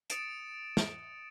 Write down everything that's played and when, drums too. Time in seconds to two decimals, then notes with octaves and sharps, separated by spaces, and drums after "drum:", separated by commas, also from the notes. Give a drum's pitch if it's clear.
0.10 D#6 A6 C#7 D7 E7, drum: hi-hat
0.77 drum: snare